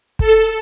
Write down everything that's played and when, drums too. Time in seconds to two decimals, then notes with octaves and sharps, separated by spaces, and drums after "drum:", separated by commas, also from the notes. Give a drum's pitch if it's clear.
0.19 A4, drum: kick